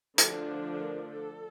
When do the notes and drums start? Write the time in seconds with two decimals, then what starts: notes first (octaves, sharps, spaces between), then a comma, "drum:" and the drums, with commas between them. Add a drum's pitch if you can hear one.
0.18 D3 F3 A3 D4, drum: hi-hat
0.79 A#4
1.09 A4